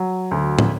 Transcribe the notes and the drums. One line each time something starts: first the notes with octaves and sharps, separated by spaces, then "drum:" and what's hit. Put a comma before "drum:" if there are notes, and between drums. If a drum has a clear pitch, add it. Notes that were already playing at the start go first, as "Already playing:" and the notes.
Already playing: F#3
D2
drum: tom